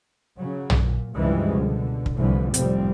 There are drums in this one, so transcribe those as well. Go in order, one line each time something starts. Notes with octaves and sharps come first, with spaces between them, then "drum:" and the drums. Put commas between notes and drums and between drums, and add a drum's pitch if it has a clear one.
C#3 F#3
drum: tom
A#2
C#2 G2 E3 F3 G3 G#3
B2 D3
drum: kick
C2 A2 D3 E3 F3
F1 A2 F3 G3 C4, drum: hi-hat